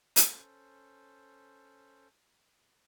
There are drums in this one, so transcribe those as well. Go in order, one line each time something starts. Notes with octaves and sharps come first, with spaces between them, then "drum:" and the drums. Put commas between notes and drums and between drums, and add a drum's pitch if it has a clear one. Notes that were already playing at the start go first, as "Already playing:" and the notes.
C#4 A4 C5, drum: hi-hat